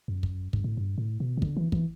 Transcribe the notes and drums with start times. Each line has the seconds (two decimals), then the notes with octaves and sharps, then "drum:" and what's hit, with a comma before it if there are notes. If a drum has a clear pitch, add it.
0.08 F#2
0.23 drum: kick
0.53 G2, drum: kick
0.64 A2
0.77 G2
0.98 A2
1.20 B2
1.37 C3
1.42 D3, drum: kick
1.57 E3
1.72 E3, drum: kick